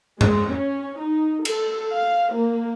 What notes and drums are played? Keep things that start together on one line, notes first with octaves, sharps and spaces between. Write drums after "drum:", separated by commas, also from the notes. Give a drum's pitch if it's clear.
G#3, drum: tom G2
C#4
D#4
A4, drum: cymbal
F5
A#3